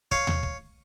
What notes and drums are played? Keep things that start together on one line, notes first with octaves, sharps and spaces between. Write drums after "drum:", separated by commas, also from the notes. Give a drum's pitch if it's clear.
C#5 F5, drum: kick
drum: tom D#2
drum: kick